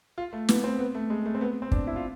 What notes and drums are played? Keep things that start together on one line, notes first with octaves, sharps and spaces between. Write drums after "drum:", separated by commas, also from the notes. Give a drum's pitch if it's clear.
F4
A3
B3, drum: snare
C4
B3
A3
G#3
A3
C4
B3
C4
D4, drum: kick
E4
F4